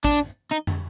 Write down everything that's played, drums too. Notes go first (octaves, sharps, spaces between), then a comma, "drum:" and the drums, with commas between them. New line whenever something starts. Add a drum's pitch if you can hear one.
D4, drum: kick
D#4
drum: tom